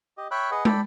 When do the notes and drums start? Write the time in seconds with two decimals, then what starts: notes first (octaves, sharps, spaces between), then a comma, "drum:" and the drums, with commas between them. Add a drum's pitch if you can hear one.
0.18 G4 D#5
0.31 C#5 E5 G5 B5 F#6
0.51 G#4 B4 D#5 F#5
0.65 A4 D5 G5 B5, drum: tom